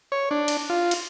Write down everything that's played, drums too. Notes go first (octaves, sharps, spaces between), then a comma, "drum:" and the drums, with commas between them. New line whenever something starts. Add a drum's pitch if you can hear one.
C#5
D4
drum: cymbal
F4
drum: cymbal